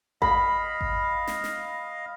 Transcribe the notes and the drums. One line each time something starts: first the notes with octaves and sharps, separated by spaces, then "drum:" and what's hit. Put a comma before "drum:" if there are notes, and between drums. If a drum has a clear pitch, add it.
D#5 F5 B5, drum: kick G#1
drum: kick G#1
drum: snare
drum: snare